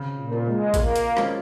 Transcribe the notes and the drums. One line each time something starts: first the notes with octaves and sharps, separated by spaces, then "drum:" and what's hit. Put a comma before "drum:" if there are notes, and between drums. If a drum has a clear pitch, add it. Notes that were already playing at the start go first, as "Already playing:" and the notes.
Already playing: C#3
A#2
A#3 F4
G#3
A#2 A#3, drum: kick, hi-hat
drum: hi-hat
F3 G#3 C#4 F4, drum: rim click